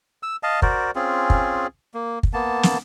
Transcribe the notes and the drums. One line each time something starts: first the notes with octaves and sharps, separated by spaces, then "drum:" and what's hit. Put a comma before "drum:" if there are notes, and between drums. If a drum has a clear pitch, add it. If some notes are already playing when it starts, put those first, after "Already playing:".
E6
D#5 F5 A5
F#4 A#4 C5 D5, drum: kick
C4 C#4 F4 G#4
drum: kick
A#3
drum: kick
A#3 B3 A5
drum: snare